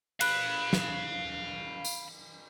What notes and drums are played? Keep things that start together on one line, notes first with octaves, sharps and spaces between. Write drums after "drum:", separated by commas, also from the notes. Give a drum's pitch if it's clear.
F5 B5 F#6, drum: cymbal
drum: snare
drum: tambourine